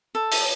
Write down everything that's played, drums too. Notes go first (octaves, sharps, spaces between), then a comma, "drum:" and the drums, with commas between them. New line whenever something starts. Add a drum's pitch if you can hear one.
A4
drum: open hi-hat